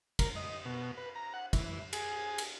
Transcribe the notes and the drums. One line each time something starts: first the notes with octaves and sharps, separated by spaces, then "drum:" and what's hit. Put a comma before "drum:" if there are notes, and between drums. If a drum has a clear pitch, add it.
A#4, drum: kick, cymbal
D#5
B2
B4
A#5
F#5
E3, drum: kick, cymbal
G#4, drum: cymbal
drum: cymbal